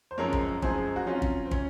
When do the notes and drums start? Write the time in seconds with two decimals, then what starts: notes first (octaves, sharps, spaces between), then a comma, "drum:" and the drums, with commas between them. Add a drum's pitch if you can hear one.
0.11 C5
0.18 F#2 F3 G#3 A#4 C#5
0.33 drum: kick
0.62 F#2 F3 G#3 G#4 C5, drum: kick
0.96 F#4
1.07 C3 F#3 C#4 F4
1.22 drum: kick
1.45 C4
1.51 C3 C#4, drum: kick